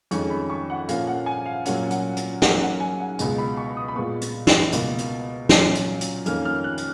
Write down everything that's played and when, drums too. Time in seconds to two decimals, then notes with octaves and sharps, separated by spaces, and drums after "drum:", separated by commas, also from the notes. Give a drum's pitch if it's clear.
0.11 F2 D#3 G#3 C#4 C#6, drum: hi-hat
0.30 B5
0.50 C#6
0.70 F#5
0.88 A#2 F3 A#3 C#4 F5, drum: hi-hat
1.07 F#5
1.26 G#5
1.46 F5
1.65 A#2 F#3 A#3 C#4 F#5, drum: hi-hat
1.90 F#5, drum: hi-hat
2.17 drum: hi-hat
2.42 G#2 F#3 A#3 C#4 F#5, drum: snare
2.62 F#5
2.80 G#5
3.00 F#5
3.19 C#2 B2 G#3, drum: hi-hat
3.38 B5
3.57 C#6
3.77 D#6
3.88 B5
3.96 A#2 G#3 B3 C#6
4.21 drum: hi-hat
4.47 drum: snare
4.72 C#2 B2 A#3, drum: hi-hat
4.98 drum: hi-hat
5.49 A#2 F#3 C#4, drum: snare
5.75 drum: hi-hat
6.01 drum: hi-hat
6.26 F2 D#3 A#3 C#4 F6, drum: hi-hat
6.45 F6
6.64 F#6
6.77 drum: hi-hat